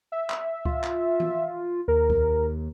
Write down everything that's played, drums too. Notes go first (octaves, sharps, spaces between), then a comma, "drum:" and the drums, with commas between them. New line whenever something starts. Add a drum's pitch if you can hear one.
E5
drum: clap
F4, drum: kick C#2
drum: clap
drum: tom E3
D#2 A#4
drum: kick C#2